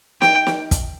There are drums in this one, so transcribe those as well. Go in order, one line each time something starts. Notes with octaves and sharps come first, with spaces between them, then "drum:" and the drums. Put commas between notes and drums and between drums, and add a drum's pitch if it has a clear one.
G5, drum: snare
drum: snare
drum: kick, hi-hat